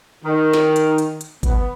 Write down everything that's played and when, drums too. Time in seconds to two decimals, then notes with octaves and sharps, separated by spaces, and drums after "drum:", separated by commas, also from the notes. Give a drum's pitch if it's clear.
0.25 D#3
0.54 drum: snare
0.76 drum: hi-hat
0.98 drum: hi-hat
1.21 drum: hi-hat
1.43 B3, drum: kick G#1, hi-hat